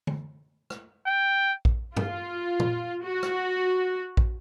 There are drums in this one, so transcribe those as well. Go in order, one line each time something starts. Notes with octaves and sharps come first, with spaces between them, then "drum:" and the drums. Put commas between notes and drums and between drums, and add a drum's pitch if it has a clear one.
drum: tom
drum: rim click
G5
drum: kick A#1
F4, drum: tom G2
drum: tom
F#4
drum: rim click
drum: kick A#1